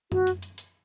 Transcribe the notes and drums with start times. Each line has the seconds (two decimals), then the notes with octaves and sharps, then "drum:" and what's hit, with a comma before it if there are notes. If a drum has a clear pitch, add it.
0.12 F#4, drum: tom F#2
0.27 drum: hi-hat
0.42 drum: hi-hat
0.58 drum: hi-hat